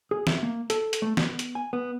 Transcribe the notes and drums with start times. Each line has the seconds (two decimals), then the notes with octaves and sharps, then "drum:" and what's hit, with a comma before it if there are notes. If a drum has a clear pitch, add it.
0.11 G#4
0.27 E5, drum: snare
0.43 A#3
0.70 A4, drum: hi-hat
0.93 drum: hi-hat
1.02 A3
1.17 B3, drum: snare
1.39 drum: hi-hat
1.55 G#5
1.73 B3